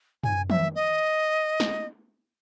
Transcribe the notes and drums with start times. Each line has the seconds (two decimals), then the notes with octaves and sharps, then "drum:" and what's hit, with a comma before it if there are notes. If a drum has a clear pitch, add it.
0.24 G#5, drum: tom
0.50 E5, drum: tom
0.75 D#5
1.60 drum: snare